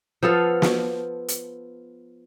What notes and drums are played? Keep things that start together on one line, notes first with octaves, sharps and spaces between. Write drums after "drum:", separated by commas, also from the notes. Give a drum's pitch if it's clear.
F3 B3 A4 F5
drum: snare
drum: hi-hat